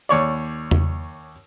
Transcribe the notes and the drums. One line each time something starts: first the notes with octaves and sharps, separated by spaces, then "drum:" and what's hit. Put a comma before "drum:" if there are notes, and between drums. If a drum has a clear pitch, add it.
D#2 C#5 D5
drum: tom E2